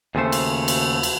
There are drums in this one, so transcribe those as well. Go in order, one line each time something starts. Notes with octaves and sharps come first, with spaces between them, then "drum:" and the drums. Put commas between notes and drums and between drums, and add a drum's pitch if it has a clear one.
D#2 C#3 F3 A3 C5
drum: cymbal
drum: cymbal
drum: cymbal